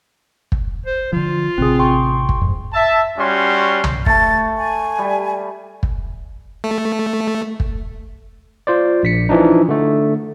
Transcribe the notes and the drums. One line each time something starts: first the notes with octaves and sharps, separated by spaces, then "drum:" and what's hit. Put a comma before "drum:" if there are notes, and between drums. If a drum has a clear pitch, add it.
drum: kick
C5
D3 F3 F4
A1 C3 C4 G#4
G5 C6 C#6
drum: kick
F2 G#2
E5 A5
G3 C#4 F#4 C6
drum: tom
A3 A5 A6, drum: kick
G#5
G3
drum: kick
A3
drum: kick
F4 C5 D5
A#1 B6 C#7
E3 F3 D4 D#4
D3 A3